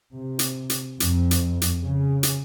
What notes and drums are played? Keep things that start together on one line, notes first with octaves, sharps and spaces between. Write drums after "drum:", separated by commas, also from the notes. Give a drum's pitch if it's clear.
C3
drum: hi-hat
drum: hi-hat
F2, drum: hi-hat
drum: hi-hat
drum: hi-hat
C#3
drum: hi-hat